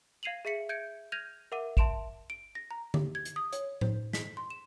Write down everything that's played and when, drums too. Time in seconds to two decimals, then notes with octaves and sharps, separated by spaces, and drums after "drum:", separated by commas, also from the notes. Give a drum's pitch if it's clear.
0.23 F5 G#6 C7 D#7 F7 F#7
0.45 G#4 E5 B6 C#7
0.69 E5 G6 G#6 C#7 D7
1.12 F6 G6 G#6 A#6 D#7 F7
1.52 A#4 E5 F#5 D6 D#7
1.77 E5 A5 C6 D7 E7 F7, drum: kick
2.30 D7
2.55 A#6
2.71 A#5
2.94 G4, drum: tom
3.15 G#6
3.25 drum: hi-hat
3.36 D#6
3.53 C#5, drum: hi-hat
3.81 C5, drum: tom A2
4.13 B6, drum: snare
4.37 C6
4.50 E7